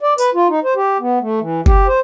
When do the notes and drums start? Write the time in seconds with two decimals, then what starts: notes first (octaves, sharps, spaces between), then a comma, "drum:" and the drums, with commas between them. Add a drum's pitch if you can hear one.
0.01 D5
0.18 B4, drum: tambourine
0.34 F4
0.49 D#4
0.64 C5
0.76 G4
1.00 B3
1.21 A3
1.40 E3
1.66 G4, drum: kick F#1
1.87 C5